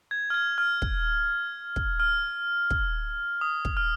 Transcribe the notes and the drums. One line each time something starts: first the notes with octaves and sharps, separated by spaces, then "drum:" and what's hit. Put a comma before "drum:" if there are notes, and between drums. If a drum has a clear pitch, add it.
G#6
F6
G#6
F6
drum: kick
drum: kick
F6
drum: kick
D#6
drum: kick
F6